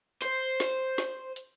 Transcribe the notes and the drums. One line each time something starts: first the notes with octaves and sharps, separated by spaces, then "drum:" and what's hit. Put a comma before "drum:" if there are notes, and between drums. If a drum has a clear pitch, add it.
C5, drum: hi-hat
drum: snare
drum: snare
drum: hi-hat